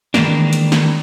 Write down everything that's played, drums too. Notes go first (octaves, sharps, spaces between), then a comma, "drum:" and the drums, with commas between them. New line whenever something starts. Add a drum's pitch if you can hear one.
D#3 E3 G#3 A#3 D4, drum: snare
drum: hi-hat
drum: snare